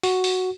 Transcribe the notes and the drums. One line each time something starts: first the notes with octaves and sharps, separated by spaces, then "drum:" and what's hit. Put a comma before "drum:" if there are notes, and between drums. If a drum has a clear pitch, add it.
F#4, drum: open hi-hat
drum: open hi-hat